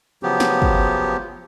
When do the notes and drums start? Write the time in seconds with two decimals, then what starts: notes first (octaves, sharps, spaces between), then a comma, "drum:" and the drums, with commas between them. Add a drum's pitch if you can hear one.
0.23 C#3 F3 F#3 B3 G4
0.40 drum: snare
0.62 drum: kick